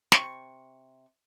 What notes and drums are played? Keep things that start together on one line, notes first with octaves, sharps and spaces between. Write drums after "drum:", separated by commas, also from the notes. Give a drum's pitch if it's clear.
C3 E4 C#6, drum: snare